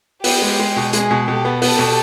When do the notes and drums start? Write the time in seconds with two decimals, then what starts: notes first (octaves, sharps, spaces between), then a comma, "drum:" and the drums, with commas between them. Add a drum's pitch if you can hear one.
0.24 B3 G4, drum: open hi-hat
0.42 G#3
0.59 G#3
0.76 B2
0.93 G#3 G#4, drum: hi-hat
1.11 B2
1.27 B2 G4 A4
1.45 B3
1.62 B3 G4 A4, drum: open hi-hat
1.79 B2